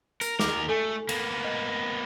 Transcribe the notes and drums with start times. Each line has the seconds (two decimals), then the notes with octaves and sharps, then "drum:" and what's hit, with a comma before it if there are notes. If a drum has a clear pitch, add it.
0.21 A#4, drum: hi-hat
0.39 D#2 A#4 D6, drum: snare
0.69 A3 A4 G#5
1.09 A#3 B3, drum: cymbal
1.44 D#5